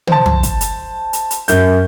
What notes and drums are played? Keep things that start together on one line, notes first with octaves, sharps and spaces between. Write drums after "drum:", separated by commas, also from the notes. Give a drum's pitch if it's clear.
C5 A5, drum: tom
drum: tom
drum: kick, hi-hat
drum: hi-hat
drum: hi-hat
drum: hi-hat
F#2 G6, drum: hi-hat